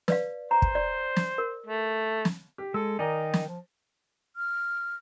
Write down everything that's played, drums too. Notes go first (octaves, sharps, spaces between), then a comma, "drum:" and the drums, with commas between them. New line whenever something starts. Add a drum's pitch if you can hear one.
B4 D5 F5, drum: snare
C5 A#5
drum: kick
D5
drum: snare
A#4
A3
drum: snare
G4
G#3 A4 E6
D#3 D#4 A#4 D5 D#5 G#5
drum: snare
F3
F6